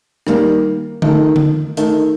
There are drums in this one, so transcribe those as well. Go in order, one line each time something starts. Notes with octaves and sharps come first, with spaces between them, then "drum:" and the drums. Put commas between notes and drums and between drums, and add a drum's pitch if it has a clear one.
D#3 G3 A#3, drum: rim click
D#3 A3 D#4, drum: tom D3
drum: tom D3
D#3 A3 D#4, drum: hi-hat